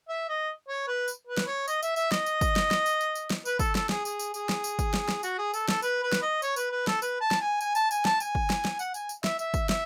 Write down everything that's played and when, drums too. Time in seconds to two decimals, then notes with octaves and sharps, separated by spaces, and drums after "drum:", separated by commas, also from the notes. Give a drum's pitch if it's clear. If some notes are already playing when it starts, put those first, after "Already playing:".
0.09 E5
0.29 D#5
0.68 C#5
0.87 B4
1.08 drum: tambourine
1.27 B4
1.37 drum: snare
1.47 C#5
1.68 D#5, drum: tambourine
1.82 E5, drum: tambourine
1.96 E5, drum: tambourine
2.12 D#5, drum: snare
2.26 drum: tambourine
2.41 drum: kick, tambourine
2.56 drum: snare
2.71 drum: snare
2.86 drum: tambourine
3.01 drum: tambourine
3.15 drum: tambourine
3.30 drum: snare
3.45 B4, drum: tambourine
3.59 A4, drum: kick, tambourine
3.75 A4, drum: snare
3.89 G#4, drum: snare
4.05 G#4, drum: tambourine
4.19 drum: tambourine
4.34 G#4, drum: tambourine
4.49 drum: snare
4.64 drum: tambourine
4.79 drum: kick, tambourine
4.94 drum: snare
5.08 drum: snare
5.23 F#4, drum: tambourine
5.38 G#4
5.54 A4, drum: tambourine
5.68 A4, drum: snare
5.82 B4, drum: tambourine
6.03 B4
6.12 drum: snare
6.22 D#5
6.42 C#5, drum: tambourine
6.56 B4, drum: tambourine
6.71 B4
6.87 A4, drum: snare
7.02 B4, drum: tambourine
7.21 A5
7.31 drum: snare
7.41 G#5
7.61 G#5, drum: tambourine
7.75 A5, drum: tambourine
7.91 G#5, drum: tambourine
8.05 A5, drum: snare
8.20 G#5, drum: tambourine
8.35 drum: kick
8.50 drum: snare
8.65 drum: snare
8.79 F#5, drum: tambourine
8.94 G#5, drum: tambourine
9.09 drum: tambourine
9.24 E5, drum: snare
9.39 E5, drum: tambourine
9.54 drum: kick, tambourine
9.69 E5, drum: snare